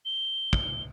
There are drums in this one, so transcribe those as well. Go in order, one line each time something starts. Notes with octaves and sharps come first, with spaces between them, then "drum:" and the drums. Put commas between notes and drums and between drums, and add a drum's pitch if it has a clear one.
G7
drum: kick